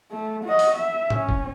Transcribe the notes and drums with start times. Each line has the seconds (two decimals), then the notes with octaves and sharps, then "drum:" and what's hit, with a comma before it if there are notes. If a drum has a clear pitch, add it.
0.11 A3
0.45 F#4 D#5
0.59 drum: open hi-hat
0.75 E5
1.10 C#4, drum: tom A2
1.29 drum: kick